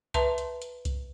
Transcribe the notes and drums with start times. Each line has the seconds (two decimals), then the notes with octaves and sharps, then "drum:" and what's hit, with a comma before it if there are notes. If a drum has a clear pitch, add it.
0.14 B4 E5 A5 A#5 C6, drum: kick C2, hi-hat
0.38 drum: hi-hat
0.62 drum: hi-hat
0.85 drum: kick C2, hi-hat